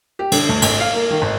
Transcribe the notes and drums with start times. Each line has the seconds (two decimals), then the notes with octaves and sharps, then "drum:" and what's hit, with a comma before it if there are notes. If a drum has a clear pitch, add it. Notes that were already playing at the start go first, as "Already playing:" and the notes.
0.19 G4
0.32 D3, drum: cymbal
0.49 D2
0.62 G#1, drum: cymbal
0.80 F5
0.93 A#3
1.10 D#3
1.22 G#1